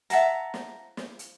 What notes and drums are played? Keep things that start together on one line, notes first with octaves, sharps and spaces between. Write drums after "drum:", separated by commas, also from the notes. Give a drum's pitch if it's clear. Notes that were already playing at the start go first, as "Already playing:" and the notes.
E5 F#5 A5 A#5, drum: hi-hat
drum: snare
drum: snare
drum: hi-hat